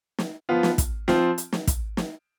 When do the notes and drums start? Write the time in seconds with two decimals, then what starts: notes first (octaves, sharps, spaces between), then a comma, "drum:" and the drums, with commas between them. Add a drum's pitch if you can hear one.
0.19 drum: snare
0.49 F3 B3 F4
0.63 drum: snare
0.78 drum: kick, hi-hat
1.08 F3 C4 F4, drum: snare
1.38 drum: hi-hat
1.53 drum: snare
1.67 drum: kick, hi-hat
1.97 drum: snare